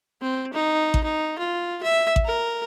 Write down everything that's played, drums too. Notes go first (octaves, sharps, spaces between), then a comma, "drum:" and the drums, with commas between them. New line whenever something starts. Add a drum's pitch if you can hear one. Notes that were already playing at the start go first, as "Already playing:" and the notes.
C4
D#4
drum: kick A1
D#4
F4
E5
drum: kick A1
A#4